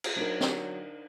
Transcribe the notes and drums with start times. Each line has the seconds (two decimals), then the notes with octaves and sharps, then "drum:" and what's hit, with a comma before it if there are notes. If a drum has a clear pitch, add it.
0.04 drum: cymbal
0.17 F#3 D4 D#4 A#4
0.40 drum: snare